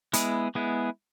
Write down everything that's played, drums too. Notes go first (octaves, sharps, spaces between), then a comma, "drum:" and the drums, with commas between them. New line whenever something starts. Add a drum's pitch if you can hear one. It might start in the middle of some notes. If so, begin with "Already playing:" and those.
G#3 B3 E4 G#4, drum: hi-hat
G#3 B3 E4 G#4